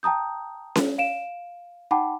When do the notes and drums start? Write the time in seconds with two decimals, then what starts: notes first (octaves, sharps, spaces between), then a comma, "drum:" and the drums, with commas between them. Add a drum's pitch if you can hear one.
0.03 G5 A5 A#5 D#6 G6
0.75 drum: snare C#4
0.98 F5 D7 E7
1.91 D#4 F#5 G5 A5 B5 D6